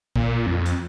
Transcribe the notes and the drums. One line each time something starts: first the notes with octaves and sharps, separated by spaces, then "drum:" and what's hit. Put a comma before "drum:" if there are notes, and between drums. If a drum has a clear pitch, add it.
A#2, drum: kick A#1
F2
drum: hi-hat